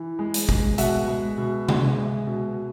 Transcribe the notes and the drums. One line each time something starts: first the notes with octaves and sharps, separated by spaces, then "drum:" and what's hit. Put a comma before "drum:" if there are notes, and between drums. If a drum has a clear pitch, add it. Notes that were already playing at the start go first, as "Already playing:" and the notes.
Already playing: E3
G#3
drum: hi-hat
G#3, drum: kick
B2 E5 F#5, drum: hi-hat
G#3
B2
G#3, drum: tom C3
G#3
B2